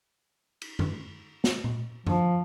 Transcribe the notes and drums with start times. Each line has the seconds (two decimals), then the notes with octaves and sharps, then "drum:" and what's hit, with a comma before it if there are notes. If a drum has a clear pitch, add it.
0.62 drum: cymbal
0.79 drum: tom F#2
1.44 drum: snare
1.64 drum: tom A#2
2.07 F3, drum: tom F#2